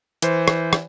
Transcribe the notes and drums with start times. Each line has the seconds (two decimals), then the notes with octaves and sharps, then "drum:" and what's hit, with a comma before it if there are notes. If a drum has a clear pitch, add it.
0.22 E3 C5, drum: hi-hat
0.48 drum: rim click
0.73 drum: rim click